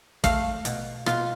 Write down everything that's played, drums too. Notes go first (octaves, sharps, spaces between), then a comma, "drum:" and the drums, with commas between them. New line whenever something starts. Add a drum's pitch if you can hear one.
A3 F5, drum: kick, hi-hat
B2, drum: hi-hat
B2 F4, drum: rim click